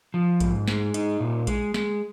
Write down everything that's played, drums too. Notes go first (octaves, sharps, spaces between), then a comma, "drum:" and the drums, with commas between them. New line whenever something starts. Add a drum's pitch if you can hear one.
F3
G#2, drum: kick A#1, hi-hat
G#3, drum: snare
D#4, drum: hi-hat
A#2
G#3, drum: kick A#1, hi-hat
G#3, drum: snare